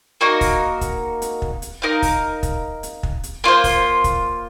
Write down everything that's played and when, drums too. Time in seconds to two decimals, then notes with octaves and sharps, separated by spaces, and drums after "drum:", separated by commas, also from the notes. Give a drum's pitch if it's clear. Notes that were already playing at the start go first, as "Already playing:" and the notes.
0.21 A#3 D#4 F#4 A#4
0.41 drum: kick, open hi-hat
0.81 drum: kick, hi-hat
1.22 drum: hi-hat
1.42 drum: kick
1.62 drum: hi-hat
1.82 D#4 A#4 F5
2.02 drum: kick, open hi-hat
2.43 drum: kick, hi-hat
2.83 drum: hi-hat
3.03 drum: kick
3.23 drum: hi-hat
3.44 A#3 F4 C5
3.64 drum: kick, open hi-hat
4.04 drum: kick, hi-hat